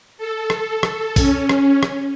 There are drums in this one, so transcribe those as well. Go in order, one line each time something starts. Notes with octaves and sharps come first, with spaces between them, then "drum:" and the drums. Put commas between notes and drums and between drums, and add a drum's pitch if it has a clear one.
A4
drum: rim click
drum: rim click
C#4, drum: kick, open hi-hat
drum: rim click
drum: rim click